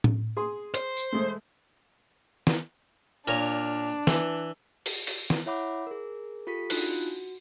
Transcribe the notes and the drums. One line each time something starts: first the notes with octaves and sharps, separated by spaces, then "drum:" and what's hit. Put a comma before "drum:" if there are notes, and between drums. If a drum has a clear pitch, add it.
drum: tom A2
G#4 C6 D#6
C5, drum: hi-hat
drum: tambourine
G#3 A3
drum: snare
A#2 D4 A#4 C#5
E3, drum: snare
drum: open hi-hat
drum: open hi-hat
drum: snare
E4 C#5 E5 F#5 B5 D6
G#4 A#4
F4 G4 A4 B6
D4 D#4 F4 F#4 F#6, drum: open hi-hat
F#4